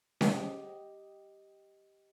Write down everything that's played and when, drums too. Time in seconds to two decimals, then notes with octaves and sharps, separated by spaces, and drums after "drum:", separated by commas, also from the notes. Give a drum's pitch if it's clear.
0.21 G4 D#5, drum: snare C#4